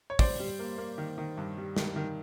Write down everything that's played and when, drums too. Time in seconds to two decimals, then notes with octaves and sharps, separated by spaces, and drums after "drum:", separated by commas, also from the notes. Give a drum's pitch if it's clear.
0.10 C#5
0.19 G2 C5 D5, drum: kick, open hi-hat
0.39 G3
0.59 A#3
0.78 A#3
0.98 D#3
1.18 D#3
1.37 G2
1.57 G3
1.76 D#3, drum: snare
1.96 D#3